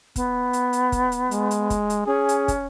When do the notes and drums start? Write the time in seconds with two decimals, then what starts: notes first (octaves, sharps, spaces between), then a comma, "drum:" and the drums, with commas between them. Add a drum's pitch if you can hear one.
0.16 B3, drum: kick, hi-hat
0.53 drum: hi-hat
0.73 drum: hi-hat
0.92 drum: kick, hi-hat
1.12 drum: hi-hat
1.31 G#3, drum: hi-hat
1.51 drum: hi-hat
1.70 drum: kick, hi-hat
1.90 drum: hi-hat
2.06 C#4 G#4
2.29 drum: hi-hat
2.48 drum: kick, hi-hat